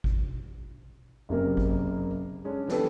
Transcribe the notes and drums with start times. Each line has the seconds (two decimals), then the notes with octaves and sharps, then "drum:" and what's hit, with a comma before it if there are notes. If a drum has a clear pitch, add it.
0.04 drum: kick G#1
1.29 F#1 F#2 C3 A#3 A#4
1.57 drum: kick G#1
2.44 G#3 C#4 D4
2.68 E3 B3 D4 G4 A4 B4, drum: snare